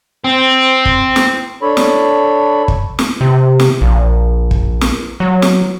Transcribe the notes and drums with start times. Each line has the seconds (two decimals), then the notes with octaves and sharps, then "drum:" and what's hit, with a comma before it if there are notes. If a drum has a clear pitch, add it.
0.24 C4
0.85 drum: kick
1.16 drum: snare
1.62 D4 A4 C#5 B5
1.77 drum: snare
2.68 drum: kick
2.99 drum: snare
3.21 C3
3.60 drum: snare
3.81 A#1
4.51 drum: kick
4.81 drum: snare
5.20 F#3
5.42 drum: snare